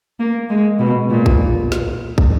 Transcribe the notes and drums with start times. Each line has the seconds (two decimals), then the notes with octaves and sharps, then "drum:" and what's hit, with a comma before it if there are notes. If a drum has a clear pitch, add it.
0.19 A#3
0.49 G#3
0.79 B2
1.10 A#2
1.26 drum: kick
1.72 drum: snare
2.18 drum: kick